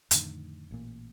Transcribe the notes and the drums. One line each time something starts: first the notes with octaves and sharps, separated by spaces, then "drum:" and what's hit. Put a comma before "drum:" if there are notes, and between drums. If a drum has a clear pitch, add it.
F2 A2 D3 D#3, drum: hi-hat
A1 A#2